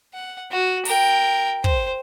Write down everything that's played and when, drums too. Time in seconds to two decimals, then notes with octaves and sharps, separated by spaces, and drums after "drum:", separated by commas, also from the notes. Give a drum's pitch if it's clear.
0.13 F#5
0.51 F#4
0.85 A#4 G5, drum: open hi-hat
1.64 C5, drum: kick